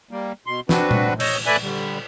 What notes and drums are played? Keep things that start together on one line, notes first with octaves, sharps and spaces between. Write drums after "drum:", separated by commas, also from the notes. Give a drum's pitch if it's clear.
G3 A#3
B2 C6
C4 D4 F#4 B4, drum: snare
drum: tom A#2
C#5 D#5 E6 G6, drum: cymbal
A3 B4 D5 E5 G#5 F#6
D3 G3